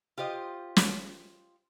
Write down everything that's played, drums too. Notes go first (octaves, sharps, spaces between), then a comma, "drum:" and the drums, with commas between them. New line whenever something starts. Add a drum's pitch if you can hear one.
F4 G4 C5 D#5
drum: snare